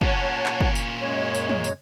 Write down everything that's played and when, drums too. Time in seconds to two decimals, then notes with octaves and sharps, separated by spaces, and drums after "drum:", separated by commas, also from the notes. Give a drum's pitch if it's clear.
0.01 A#2 C#4 C#5 F#5 A5, drum: kick
0.46 drum: clap
0.61 drum: kick
0.75 drum: tambourine
1.02 F#2 G#3 C#5
1.35 drum: tambourine
1.49 drum: tom
1.64 drum: tambourine